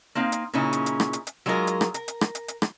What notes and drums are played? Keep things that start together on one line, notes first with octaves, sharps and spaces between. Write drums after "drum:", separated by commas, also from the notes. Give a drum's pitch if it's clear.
A#3 C4 D#4 F5
drum: hi-hat
A#2 C#3 C#4 D#4 E4
drum: hi-hat
drum: hi-hat
drum: rim click
drum: hi-hat
drum: hi-hat
F#3 G#3 D#4 F4 A#4 D#5
drum: hi-hat
drum: rim click
A#4, drum: hi-hat
drum: hi-hat
drum: rim click
drum: hi-hat
drum: hi-hat
drum: rim click